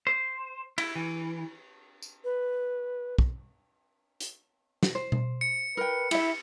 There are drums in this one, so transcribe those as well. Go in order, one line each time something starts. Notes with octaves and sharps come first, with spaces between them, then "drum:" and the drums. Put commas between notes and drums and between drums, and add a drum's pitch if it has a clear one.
C5
E4, drum: cymbal
E3
drum: tambourine
B4
drum: kick
drum: hi-hat
drum: snare
C5
drum: tom B2
C#7
A#4 B4 G5
E4 G4 E5, drum: cymbal